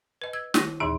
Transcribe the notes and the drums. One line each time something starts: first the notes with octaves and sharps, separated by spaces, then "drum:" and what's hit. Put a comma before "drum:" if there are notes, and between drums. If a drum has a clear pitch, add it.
B4 D#5
E6 G#6
D#3 E4 A#6, drum: snare
D#2 A#2 E3 D#4